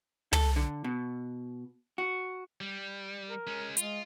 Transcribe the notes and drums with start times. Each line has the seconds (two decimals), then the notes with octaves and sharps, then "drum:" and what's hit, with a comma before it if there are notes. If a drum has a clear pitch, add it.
0.33 A4, drum: tom
0.56 D3
0.84 B2
1.98 F#4
2.61 G3
3.29 A#4
3.47 G#3 C#4
3.77 G#3 F4, drum: hi-hat